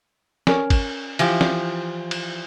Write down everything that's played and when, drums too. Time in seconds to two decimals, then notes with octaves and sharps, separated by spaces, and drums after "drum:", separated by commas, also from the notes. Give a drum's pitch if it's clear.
0.47 C#4 A#4 C#5, drum: snare
0.70 drum: kick G1, cymbal
1.19 E3 F3 G4, drum: cymbal
1.41 drum: snare
2.11 drum: cymbal